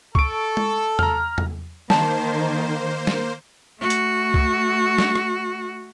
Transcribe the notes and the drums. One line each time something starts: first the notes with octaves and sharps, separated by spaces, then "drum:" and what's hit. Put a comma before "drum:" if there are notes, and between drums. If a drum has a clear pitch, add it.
A4 C#6 D7, drum: kick
drum: tom G#3
A#5 F6, drum: tom E2
drum: tom E2
D#3 A#3 C5 A5, drum: snare
drum: snare
A3 F#4
drum: hi-hat
drum: kick
drum: snare
drum: rim click